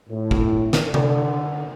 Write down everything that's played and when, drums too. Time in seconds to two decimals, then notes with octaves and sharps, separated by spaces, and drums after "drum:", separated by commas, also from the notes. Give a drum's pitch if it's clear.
0.10 A2
0.31 drum: kick F#1
0.73 drum: snare
0.84 D3
0.94 drum: tom C3